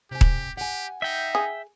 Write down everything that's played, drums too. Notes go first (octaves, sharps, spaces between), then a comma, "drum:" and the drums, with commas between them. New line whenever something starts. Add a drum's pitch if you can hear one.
C3 G4 G#5
drum: kick D#1
G4 F#5 G#5
D#4 E5 G5
G#4